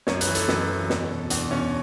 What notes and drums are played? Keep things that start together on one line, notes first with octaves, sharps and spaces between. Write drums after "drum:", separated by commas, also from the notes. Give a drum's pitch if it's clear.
F#2 C#5, drum: snare
B4, drum: hi-hat
E3
A4, drum: hi-hat
F#2, drum: snare
E3
E2, drum: snare
B2
E2 D4, drum: hi-hat
B2 C#4